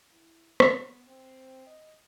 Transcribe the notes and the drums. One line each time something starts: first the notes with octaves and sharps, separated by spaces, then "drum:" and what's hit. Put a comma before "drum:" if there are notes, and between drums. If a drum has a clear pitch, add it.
E4
B3, drum: rim click
C4
D#5